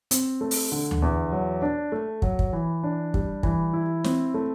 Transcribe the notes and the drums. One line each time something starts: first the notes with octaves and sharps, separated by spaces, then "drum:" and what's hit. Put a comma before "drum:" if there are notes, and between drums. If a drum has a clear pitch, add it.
C4, drum: hi-hat
A3
drum: open hi-hat
D3
drum: tom D2
E2
F#3
D4
A3
F#3, drum: kick
drum: kick
E3
D4
G3, drum: kick
E3, drum: kick
E4
C4, drum: snare
A3